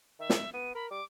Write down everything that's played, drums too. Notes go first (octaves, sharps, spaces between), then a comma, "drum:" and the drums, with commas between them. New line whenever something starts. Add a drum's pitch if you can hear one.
D#3 E5
drum: snare
B3 D#7
A#4 B5
G3 D6